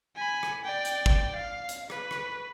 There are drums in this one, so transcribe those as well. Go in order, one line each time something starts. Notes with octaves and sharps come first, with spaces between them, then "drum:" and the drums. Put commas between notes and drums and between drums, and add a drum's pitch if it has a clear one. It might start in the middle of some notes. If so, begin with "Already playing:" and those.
G#5 B5
drum: rim click
D5 G5
drum: hi-hat
drum: kick
F5
drum: hi-hat
B4, drum: rim click
drum: rim click